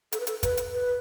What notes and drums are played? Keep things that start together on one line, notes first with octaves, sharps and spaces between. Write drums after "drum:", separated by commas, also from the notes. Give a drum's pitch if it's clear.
A4, drum: hi-hat
B4
A4, drum: hi-hat
B4, drum: kick, hi-hat
drum: hi-hat
B4